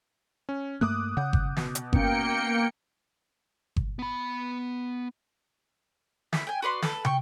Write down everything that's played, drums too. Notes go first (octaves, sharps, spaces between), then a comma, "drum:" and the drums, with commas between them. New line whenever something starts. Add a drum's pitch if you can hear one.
C#4
G2 A3 A#3 D6 D#6 F#6
C#3 F#5 G6
drum: kick G1
B2, drum: snare
drum: hi-hat
A#3 B3 C#4 G5 C#7, drum: kick G1
drum: kick G1
B3 B5
E4 G4 E5, drum: snare
G5 G#5
F#4 B4 D5 C6
A4 B4, drum: snare
G5 C#6, drum: tom